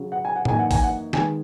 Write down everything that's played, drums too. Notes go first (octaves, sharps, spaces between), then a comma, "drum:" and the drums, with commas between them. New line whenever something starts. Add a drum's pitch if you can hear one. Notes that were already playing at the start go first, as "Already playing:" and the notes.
Already playing: C#3 F#3 C#4
F#5
G#5
F#5
F#2 E3 A#3 D#4 G#5, drum: tom A2
F#5
G#5, drum: kick, open hi-hat
F#5
D#3 G#3 B3 G#5, drum: snare